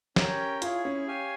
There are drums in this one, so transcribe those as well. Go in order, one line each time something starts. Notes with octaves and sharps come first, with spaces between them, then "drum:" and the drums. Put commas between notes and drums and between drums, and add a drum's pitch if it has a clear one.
C#4 G4 A#4 C#5 G5, drum: snare
E4 F4 G#4 C#5, drum: hi-hat
C#4
G4 C#5 F5 G#5